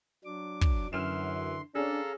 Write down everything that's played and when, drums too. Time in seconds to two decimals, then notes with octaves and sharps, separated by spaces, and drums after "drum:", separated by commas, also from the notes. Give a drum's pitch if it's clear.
0.25 F#3 D4 D6
0.61 drum: kick
0.93 F#2 D3 E3 C6 F6 E7
1.75 C#4 D4 G#4 A4 F5 A#5